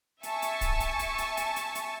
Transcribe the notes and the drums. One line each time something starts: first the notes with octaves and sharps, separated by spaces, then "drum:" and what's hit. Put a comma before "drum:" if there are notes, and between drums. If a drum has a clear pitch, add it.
E5 G#5 A5 C#6, drum: hi-hat
drum: hi-hat
drum: kick, hi-hat
drum: hi-hat
drum: hi-hat
drum: hi-hat
drum: hi-hat
drum: hi-hat
drum: hi-hat